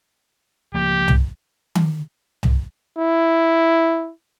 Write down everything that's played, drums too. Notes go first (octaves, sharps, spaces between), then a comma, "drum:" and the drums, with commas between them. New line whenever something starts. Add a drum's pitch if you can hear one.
C#2 F3 A#3 G4
drum: tom C2
drum: tom D#3
drum: tom C2
E4